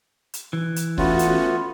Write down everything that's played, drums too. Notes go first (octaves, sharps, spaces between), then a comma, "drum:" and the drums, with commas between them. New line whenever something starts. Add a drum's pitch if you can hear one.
drum: hi-hat
E3
drum: hi-hat
A3 B3 C#4 F4 F#4, drum: kick
drum: hi-hat